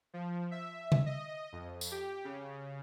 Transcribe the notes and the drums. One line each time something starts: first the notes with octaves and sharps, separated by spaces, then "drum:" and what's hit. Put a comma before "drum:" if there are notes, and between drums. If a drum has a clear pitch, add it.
F3
E5
drum: tom C3
D#5
F2
drum: tambourine
G4
C#3